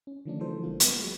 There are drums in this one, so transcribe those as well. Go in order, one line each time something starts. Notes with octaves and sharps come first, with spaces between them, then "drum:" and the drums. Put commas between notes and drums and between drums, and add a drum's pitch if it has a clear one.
C#4
D3 D#3 F3 A3 C#4 D4
C#3 E3 F#3 A4 C5
G1 G2 F#3 A#3 F4
B3, drum: hi-hat
F#3 G#3